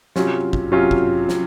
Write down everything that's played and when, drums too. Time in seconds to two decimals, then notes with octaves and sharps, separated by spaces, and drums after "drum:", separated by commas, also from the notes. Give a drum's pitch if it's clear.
0.16 C3 F#3 C#4 F4, drum: snare
0.53 drum: kick
0.72 C3 F#3 C#4 F4
0.91 drum: kick
1.29 drum: snare